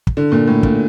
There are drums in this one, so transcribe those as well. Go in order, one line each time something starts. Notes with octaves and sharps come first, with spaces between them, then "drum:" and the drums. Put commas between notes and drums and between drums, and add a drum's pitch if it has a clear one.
drum: kick
D3
A#2
A2
A#2, drum: kick